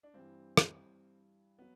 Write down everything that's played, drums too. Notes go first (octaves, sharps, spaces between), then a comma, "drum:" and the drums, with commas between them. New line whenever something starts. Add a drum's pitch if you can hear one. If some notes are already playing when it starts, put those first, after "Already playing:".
D4
G2 E3 G3 C4
drum: rim click
F#3 B3